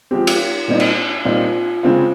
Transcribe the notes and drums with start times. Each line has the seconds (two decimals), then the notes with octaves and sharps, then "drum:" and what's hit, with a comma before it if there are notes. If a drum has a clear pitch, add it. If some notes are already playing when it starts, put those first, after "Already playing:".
0.11 F3 G#3 C4 G4
0.27 drum: cymbal
0.68 A#2 G3 C4 D#4
0.80 drum: cymbal
1.25 A#2 G3 C4 D#4 F4
1.83 C#3 G#3 C4 F4